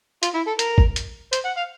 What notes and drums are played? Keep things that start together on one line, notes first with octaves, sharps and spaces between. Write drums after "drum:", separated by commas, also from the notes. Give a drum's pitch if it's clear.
F4, drum: hi-hat
E4
A4
A#4, drum: hi-hat
drum: kick
drum: hi-hat
C5, drum: hi-hat
F#5
F5